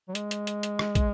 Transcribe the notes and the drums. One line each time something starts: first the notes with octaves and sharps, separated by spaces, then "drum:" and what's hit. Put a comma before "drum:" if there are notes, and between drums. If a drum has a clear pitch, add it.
F#3
G#3, drum: hi-hat
drum: hi-hat
drum: hi-hat
drum: hi-hat
drum: rim click
drum: kick, hi-hat